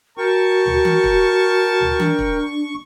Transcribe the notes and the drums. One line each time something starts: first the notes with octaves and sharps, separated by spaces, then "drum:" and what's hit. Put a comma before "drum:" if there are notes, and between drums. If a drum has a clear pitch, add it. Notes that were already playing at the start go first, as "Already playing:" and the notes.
F#4 A#4 G5 A5 C#6
drum: tom
drum: tom D#3
drum: kick
drum: tom
D4, drum: tom D#3
drum: kick